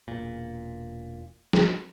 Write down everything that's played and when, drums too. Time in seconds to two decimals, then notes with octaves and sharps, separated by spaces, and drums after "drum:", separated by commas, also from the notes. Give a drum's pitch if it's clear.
0.08 E1 A#2
1.53 drum: snare